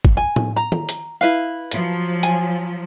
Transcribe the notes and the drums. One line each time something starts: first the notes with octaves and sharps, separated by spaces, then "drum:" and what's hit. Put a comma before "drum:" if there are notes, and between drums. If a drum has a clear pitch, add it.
drum: kick G#1
G#5
drum: tom A2
A#5
drum: tom
drum: hi-hat
E4 B4 F5
F3 F#3, drum: hi-hat
G#5, drum: hi-hat